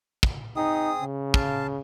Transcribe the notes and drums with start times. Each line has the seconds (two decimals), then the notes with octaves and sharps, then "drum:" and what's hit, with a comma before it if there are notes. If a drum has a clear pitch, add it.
0.23 drum: kick
0.56 C4 D#4 G#4 D#6
1.02 C#3
1.34 F5 A5, drum: kick